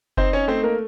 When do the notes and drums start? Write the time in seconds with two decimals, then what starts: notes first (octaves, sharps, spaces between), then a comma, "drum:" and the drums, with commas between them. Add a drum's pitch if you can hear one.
0.17 C4 D#4 C5, drum: kick F#1
0.33 C#4 C#5
0.48 A3 C4 C5
0.63 A#3 A#4